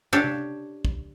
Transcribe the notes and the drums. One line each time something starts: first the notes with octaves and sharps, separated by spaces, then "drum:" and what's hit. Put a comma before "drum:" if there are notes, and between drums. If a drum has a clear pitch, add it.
D4 G4 A4 C#5
drum: tom C3
drum: kick